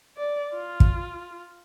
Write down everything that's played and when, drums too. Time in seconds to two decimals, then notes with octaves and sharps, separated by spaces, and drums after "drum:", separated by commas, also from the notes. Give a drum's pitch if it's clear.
0.17 D5
0.53 F4
0.80 drum: kick